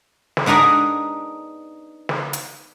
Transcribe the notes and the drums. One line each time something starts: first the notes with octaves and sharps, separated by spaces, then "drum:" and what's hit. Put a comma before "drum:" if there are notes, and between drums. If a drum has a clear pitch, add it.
drum: snare
B3 D4 D#4 G#4 A#4
drum: snare
drum: hi-hat